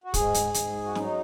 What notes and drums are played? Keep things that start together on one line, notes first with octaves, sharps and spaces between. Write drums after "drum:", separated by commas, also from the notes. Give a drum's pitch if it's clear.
F#4
G#2 G#4, drum: kick, hi-hat
drum: hi-hat
G#2, drum: hi-hat
F#4
F#3 D#4, drum: snare